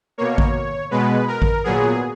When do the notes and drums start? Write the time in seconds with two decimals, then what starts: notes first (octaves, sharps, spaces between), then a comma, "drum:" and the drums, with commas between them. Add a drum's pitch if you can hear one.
0.18 B2 A#3 C#5
0.38 drum: kick A1
0.91 B2 G#3 B3 B4
1.27 A#4
1.42 drum: kick A1
1.64 A#2 F#3 B3 G#4